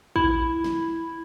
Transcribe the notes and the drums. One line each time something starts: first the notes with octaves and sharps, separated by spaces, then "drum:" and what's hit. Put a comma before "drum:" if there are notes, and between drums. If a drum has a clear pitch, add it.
E4, drum: kick
drum: snare